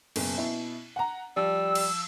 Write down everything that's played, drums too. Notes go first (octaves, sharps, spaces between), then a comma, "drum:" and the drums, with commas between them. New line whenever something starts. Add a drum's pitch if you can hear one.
F#1 B2, drum: cymbal
B2 E4
F#5 A#5
F3 G3 E6
drum: cymbal